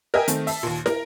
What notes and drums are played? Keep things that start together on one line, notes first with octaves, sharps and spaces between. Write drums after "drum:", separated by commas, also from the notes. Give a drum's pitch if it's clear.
A#4 D#5 E5 G5 G#5
D#3 A3 C4, drum: hi-hat
E5 A5, drum: open hi-hat
D#2 A#2
A#4, drum: snare